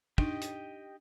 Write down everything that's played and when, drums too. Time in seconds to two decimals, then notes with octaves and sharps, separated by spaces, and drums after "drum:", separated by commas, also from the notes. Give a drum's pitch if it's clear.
0.18 D4 D#4 G4 D#5 G5, drum: kick
0.42 drum: hi-hat